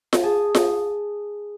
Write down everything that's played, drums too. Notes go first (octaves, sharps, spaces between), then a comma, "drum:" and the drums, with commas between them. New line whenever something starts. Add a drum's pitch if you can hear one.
drum: snare F4
G#4 A5
drum: snare F4